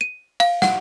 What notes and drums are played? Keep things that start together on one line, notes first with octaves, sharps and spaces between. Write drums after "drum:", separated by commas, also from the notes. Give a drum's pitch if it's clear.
D#7
F5, drum: cymbal
F#5, drum: snare